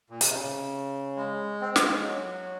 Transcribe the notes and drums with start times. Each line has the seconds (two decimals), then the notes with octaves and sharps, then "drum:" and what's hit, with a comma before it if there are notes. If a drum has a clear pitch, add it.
0.10 A#2
0.21 C3, drum: hi-hat
0.31 C#3
1.17 G#3
1.62 C4
1.76 A#3, drum: snare
1.90 G#3
2.03 F#3